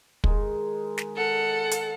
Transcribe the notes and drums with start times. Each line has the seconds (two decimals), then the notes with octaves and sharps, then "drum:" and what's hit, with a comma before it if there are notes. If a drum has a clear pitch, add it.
0.24 D#3 G#3, drum: kick
0.98 drum: snare
1.16 A4 F#5
1.71 drum: hi-hat